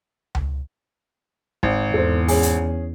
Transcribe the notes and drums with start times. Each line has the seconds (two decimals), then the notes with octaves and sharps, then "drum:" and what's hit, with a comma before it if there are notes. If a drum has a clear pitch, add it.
0.35 drum: tom C#2
1.63 G#1, drum: kick
1.94 E2 A4 C5
2.28 C#4 G#4, drum: open hi-hat
2.43 drum: hi-hat